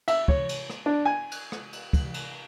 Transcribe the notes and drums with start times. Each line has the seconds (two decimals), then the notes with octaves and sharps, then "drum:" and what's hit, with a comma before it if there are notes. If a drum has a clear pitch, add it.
0.08 E5, drum: cymbal
0.28 C#5, drum: kick
0.49 drum: cymbal
0.70 drum: rim click
0.86 D4
1.05 G#5
1.31 drum: cymbal
1.52 drum: rim click
1.73 drum: cymbal
1.93 drum: kick, cymbal
2.14 drum: cymbal